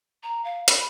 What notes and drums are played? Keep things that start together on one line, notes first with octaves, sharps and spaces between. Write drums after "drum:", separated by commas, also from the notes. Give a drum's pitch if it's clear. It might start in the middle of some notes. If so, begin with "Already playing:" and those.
A#5
F5
B5, drum: hi-hat